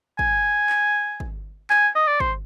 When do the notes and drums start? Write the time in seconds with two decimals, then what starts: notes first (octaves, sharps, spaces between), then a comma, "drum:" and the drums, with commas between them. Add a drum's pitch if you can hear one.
0.19 G#5, drum: kick
0.70 drum: clap
1.20 drum: kick
1.70 G#5, drum: clap
1.96 D#5
2.08 D5
2.20 C5, drum: kick